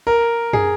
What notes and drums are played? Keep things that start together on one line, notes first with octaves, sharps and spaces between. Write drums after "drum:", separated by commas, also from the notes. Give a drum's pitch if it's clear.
A#4
G#4, drum: tom F#2